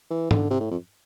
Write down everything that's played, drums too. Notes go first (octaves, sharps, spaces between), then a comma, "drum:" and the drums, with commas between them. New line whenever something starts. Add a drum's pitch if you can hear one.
E3
D3, drum: tom G#2
C3
A2
F2